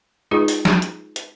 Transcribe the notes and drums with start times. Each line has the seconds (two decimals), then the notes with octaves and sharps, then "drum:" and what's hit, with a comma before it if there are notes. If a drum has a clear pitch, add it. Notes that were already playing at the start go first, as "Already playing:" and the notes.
0.31 G#3 D#4 F4 G#4 B4
0.48 drum: open hi-hat
0.65 drum: snare
0.82 drum: hi-hat
1.16 drum: hi-hat